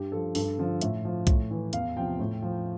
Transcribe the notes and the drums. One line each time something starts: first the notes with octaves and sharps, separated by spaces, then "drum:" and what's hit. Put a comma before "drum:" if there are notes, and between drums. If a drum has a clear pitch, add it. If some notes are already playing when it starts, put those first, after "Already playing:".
Already playing: G2 G4
F3 A4
G2 A4, drum: open hi-hat
D3 F3
A2 E5, drum: hi-hat
F3
A2, drum: kick B1, hi-hat
E3
E2 F5, drum: hi-hat
C3 F3 G5
A2
F3